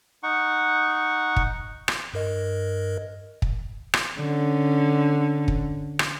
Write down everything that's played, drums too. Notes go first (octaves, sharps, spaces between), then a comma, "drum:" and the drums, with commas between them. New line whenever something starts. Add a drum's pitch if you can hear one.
D#4 F#5 C#6
drum: kick
drum: rim click
G2 A#4 D#5
drum: kick
drum: rim click
D3 C#4
drum: kick
drum: rim click